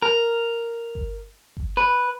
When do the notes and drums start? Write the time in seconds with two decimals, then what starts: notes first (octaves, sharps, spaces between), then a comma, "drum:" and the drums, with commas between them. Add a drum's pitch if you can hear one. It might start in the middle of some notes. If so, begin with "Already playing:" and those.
0.02 A#4
0.95 drum: kick G1
1.57 drum: kick G1
1.77 B4